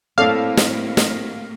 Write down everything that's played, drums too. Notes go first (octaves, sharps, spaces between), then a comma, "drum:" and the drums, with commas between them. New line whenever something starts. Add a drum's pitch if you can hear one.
A2 A#3 C4 E4 A4 C#5 D5 F5
drum: snare
drum: snare